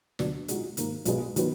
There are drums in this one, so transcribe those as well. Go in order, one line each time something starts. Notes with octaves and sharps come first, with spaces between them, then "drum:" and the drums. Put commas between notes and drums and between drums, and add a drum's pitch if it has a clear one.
D2 D3 F#3 B3 D4, drum: snare
A#2 G#3 D#4 F#4, drum: hi-hat
G#2 D#3 A#3, drum: hi-hat
B1 B2 G#3 B3, drum: hi-hat
D#3 F#3 B3, drum: hi-hat